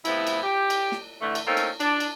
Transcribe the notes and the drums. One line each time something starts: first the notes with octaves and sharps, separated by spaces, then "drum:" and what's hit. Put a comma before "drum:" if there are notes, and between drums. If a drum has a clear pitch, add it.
A2 C3 F3 B3 E4, drum: cymbal
drum: cymbal
G4
drum: cymbal
drum: snare
A2 D3 E3 A3
drum: cymbal
A3 A#3 C4 C#4 D#4 A4
drum: cymbal
D4, drum: cymbal
drum: cymbal